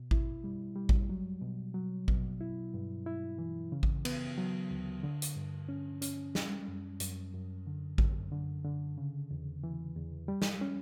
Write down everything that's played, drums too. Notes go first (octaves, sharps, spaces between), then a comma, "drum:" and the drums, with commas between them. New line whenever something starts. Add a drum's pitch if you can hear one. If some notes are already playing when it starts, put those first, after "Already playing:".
Already playing: B2
E4, drum: kick A1
G3
G3
drum: kick A1
F#3
B2
F#3
B2, drum: kick A1
E4
G2
E4
E3
C#3
drum: kick A1
B3, drum: cymbal
F#3
D2
D3
drum: hi-hat
G2
C#4
C#4, drum: hi-hat
G3, drum: snare
F#2
F#2, drum: hi-hat
F#2
D3
F#2, drum: kick A1
D3
D3
C#3
E2
E3
E2
G3
drum: snare
C#4